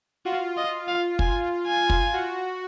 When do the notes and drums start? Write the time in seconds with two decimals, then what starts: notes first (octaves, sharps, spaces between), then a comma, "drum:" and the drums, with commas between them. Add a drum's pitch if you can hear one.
0.25 F4 F#4
0.57 D#5
0.88 F5
1.19 G#5, drum: kick
1.67 G#5
1.90 drum: kick
2.13 F#4